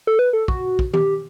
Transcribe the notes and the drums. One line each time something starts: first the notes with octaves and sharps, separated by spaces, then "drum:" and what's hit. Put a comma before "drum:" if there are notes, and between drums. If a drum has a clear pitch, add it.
A4
B4
A4
F#4, drum: kick
drum: kick
G4, drum: tom D#3